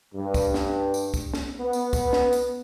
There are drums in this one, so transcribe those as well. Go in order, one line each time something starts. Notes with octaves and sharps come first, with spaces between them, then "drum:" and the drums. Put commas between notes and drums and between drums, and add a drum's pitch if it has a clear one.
G2
drum: kick, tambourine
drum: snare
drum: tambourine
drum: kick, tambourine
drum: snare
B3
drum: tambourine
drum: kick, tambourine
drum: snare
drum: tambourine